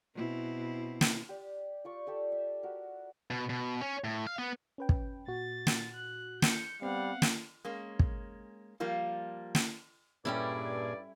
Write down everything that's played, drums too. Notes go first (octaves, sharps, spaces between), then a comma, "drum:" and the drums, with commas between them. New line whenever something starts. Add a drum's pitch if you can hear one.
B2 C4 E4
drum: snare
G4 D5
F4 D5 C#6
G4 A4 D5
E5
F#4 A#4
B2
B2
C#4
A2
F5
B3
C#4 B4 G5
drum: kick
A#2 F#4 A6
drum: snare
F#6
G6 C#7, drum: snare
G3 B3 C4 F5 F#5
drum: snare
G#3 A#3 C#4
drum: kick
F3 G3 A#3 F4
drum: snare
G2 A#2 G3 C#4 E4 G#4 A4 D5